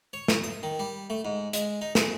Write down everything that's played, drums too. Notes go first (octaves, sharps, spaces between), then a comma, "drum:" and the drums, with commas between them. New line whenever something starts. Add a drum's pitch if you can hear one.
C#5
drum: snare
D#6
D#3
G3
A3
G#2
G#3, drum: hi-hat
D#4
G#4, drum: snare